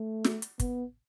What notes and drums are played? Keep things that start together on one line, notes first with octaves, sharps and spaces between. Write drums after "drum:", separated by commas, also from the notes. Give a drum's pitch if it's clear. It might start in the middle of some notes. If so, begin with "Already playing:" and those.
Already playing: A3
drum: snare
drum: hi-hat
B3, drum: kick, hi-hat